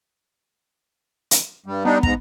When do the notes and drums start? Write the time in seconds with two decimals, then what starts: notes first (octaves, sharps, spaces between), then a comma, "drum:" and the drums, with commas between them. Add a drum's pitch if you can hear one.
1.31 drum: hi-hat
1.66 G2 G3
1.85 G3 B3 D4 D#4
2.03 G#2 A#5, drum: kick